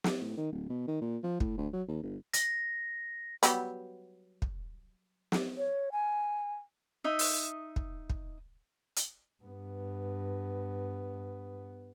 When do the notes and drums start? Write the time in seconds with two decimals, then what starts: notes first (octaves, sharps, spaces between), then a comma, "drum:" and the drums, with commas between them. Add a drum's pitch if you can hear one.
0.04 drum: snare
0.21 A2
0.37 D#3
0.52 D1
0.69 B2
0.88 D#3
1.01 A#2
1.23 F3
1.40 A2, drum: kick
1.58 D2
1.73 F#3
1.88 D#2
2.03 G1
2.33 A#6, drum: hi-hat
3.43 F#3 G3 B3, drum: hi-hat
4.42 drum: kick
5.32 drum: snare
5.57 C#5
5.92 G#5
7.04 D#4 D#5 E5
7.19 drum: open hi-hat
7.76 drum: kick
8.10 drum: kick
8.96 drum: hi-hat
9.43 G2 B3